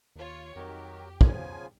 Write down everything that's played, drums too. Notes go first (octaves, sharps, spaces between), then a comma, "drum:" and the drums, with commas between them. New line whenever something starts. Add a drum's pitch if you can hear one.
D#2 F4 C#5
F2 D#3 F#3 F#4 G4 A#4
C#3 F3 B3 F4 G#5, drum: kick